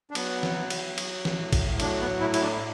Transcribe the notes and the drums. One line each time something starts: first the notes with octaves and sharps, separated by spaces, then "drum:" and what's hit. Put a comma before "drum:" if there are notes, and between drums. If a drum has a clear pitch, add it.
D4
F#3 B3, drum: cymbal
drum: snare
F#3
drum: cymbal
F#3, drum: cymbal
drum: snare
A2
drum: kick G#1, cymbal
F#3 D4, drum: cymbal
B3
A2 E4
E4, drum: cymbal
D4